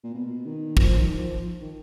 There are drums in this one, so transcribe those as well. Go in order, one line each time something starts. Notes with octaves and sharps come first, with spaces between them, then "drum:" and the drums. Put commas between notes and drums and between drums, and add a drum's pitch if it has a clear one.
A#2
B2
D#3
F3, drum: kick
D#3
F3
D#3